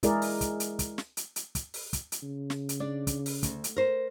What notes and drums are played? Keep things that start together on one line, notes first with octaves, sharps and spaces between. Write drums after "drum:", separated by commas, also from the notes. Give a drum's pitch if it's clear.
G#3 E4 G#4 A#4 D5, drum: kick, hi-hat
drum: open hi-hat
drum: kick, hi-hat
drum: hi-hat
drum: kick, hi-hat
drum: snare
drum: hi-hat
drum: hi-hat
drum: kick, hi-hat
drum: open hi-hat
drum: kick, hi-hat
drum: hi-hat
C#3
drum: snare
drum: hi-hat
D4 D5
drum: kick, hi-hat
drum: open hi-hat
D2, drum: kick, hi-hat
drum: hi-hat
A#4 C5